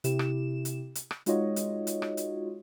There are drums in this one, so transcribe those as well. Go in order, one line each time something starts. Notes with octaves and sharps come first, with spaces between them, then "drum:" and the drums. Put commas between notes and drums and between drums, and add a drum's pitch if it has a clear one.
C3 E4 G4 E7, drum: hi-hat
drum: rim click
drum: hi-hat
drum: hi-hat
drum: rim click
G#3 D#4 F4 F#4 C#5 D#5, drum: hi-hat
drum: hi-hat
drum: hi-hat
drum: rim click
drum: hi-hat